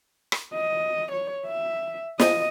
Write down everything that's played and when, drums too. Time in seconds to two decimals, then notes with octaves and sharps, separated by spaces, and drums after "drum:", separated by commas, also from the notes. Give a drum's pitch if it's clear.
0.32 drum: rim click
0.54 D#5
1.12 C#5
1.46 E5
2.20 D#5, drum: snare